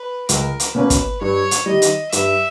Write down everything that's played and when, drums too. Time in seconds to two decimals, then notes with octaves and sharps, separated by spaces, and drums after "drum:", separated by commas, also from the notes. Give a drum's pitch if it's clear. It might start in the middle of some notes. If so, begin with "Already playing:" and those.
Already playing: B4
0.29 C#2 A#4, drum: hi-hat
0.60 drum: hi-hat
0.75 B2 A#3 C#4 B4
0.90 drum: kick, hi-hat
1.21 G2 C#5
1.51 drum: hi-hat
1.66 D#3 G3 D#5
1.82 drum: hi-hat
2.12 G2 E5, drum: hi-hat